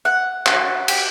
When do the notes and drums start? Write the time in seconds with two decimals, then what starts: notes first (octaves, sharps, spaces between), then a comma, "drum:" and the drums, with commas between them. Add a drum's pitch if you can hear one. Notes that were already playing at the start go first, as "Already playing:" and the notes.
0.05 F#5
0.46 F#4, drum: clap
0.88 G4, drum: cymbal